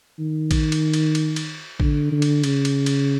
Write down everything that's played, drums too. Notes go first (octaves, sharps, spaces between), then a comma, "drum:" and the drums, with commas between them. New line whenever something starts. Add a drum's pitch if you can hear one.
D#3
drum: kick, cymbal
drum: cymbal
drum: cymbal
drum: cymbal
drum: cymbal
D3, drum: kick
D3
drum: cymbal
C#3, drum: cymbal
drum: cymbal
drum: cymbal